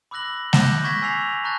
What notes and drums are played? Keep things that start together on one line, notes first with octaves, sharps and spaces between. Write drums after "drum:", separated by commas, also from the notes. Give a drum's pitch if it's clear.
B5 D6 E6 F#6 A#6 F#7
D6 F#6 G6 A#6 E7 G7, drum: snare G#3
C#6 G6 G#6 A#6 B6
G#5 E6 C7 F7
A5 A#5 C#6 F#6 G6 A6